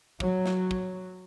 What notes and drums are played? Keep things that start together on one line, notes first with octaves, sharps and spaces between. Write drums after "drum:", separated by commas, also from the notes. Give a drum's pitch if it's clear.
F#3, drum: kick
drum: snare
drum: kick